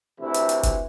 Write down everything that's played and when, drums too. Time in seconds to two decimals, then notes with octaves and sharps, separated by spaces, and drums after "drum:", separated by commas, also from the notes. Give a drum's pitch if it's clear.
0.20 D2 C3 E3 E4
0.34 drum: hi-hat
0.49 drum: hi-hat
0.63 drum: kick F#1, hi-hat